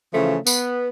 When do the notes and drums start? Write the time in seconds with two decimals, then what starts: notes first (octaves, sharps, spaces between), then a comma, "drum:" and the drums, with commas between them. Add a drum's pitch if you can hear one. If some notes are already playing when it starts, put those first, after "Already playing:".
0.14 C#3 E3 F3 A3
0.47 B3, drum: tambourine